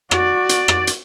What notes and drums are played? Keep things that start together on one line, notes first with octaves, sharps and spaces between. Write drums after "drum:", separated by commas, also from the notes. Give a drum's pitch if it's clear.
F#4 D5, drum: rim click
drum: hi-hat
drum: rim click
drum: hi-hat